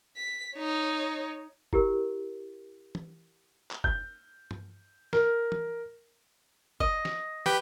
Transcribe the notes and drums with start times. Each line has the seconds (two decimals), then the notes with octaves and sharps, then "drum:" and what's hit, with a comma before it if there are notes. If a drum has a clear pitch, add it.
0.17 B6
0.56 D#4 C#5
1.73 E4 G4 A#4, drum: kick F#1
2.95 drum: tom E3
3.71 drum: clap
3.84 G6, drum: kick F#1
4.51 drum: tom G2
5.13 A#4, drum: snare
5.52 drum: tom E3
6.80 D#5, drum: kick F#1
7.05 drum: snare
7.46 G4 B4 G5, drum: snare